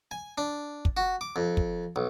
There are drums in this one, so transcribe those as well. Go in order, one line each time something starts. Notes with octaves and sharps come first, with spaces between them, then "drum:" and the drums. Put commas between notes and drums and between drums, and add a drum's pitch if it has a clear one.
G#5
D4
drum: kick
F#4
D6
F2
drum: kick
B1